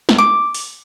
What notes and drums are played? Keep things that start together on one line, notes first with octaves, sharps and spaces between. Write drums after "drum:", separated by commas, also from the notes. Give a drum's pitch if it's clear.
drum: snare
D6
drum: open hi-hat